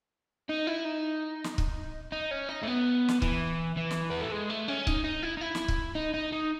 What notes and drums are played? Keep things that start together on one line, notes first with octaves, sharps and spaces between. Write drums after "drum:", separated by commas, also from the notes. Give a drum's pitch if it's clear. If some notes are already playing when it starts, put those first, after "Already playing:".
D#4
E4
D#4
drum: snare
drum: kick
D#4
C#4
D#4
A3
B3
drum: snare
E3, drum: kick
E3
drum: snare
B3
A3
G#3
A3
C#4
D#4, drum: kick
D#4
E4
D#4
E4
drum: snare
drum: kick
D#4
D#4
D#4